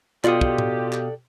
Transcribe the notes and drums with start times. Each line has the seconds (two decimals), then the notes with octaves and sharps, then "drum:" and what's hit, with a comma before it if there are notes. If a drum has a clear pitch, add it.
0.24 B2 F4 G4 A4 D5 F5 D#6, drum: clap
0.41 drum: kick
0.58 drum: tom A2
0.93 drum: clap